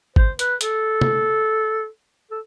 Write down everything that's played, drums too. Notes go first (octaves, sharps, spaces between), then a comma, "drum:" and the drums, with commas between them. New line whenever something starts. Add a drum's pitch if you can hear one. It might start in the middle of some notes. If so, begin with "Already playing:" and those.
C5, drum: kick
B4, drum: hi-hat
A4, drum: hi-hat
drum: tom
A4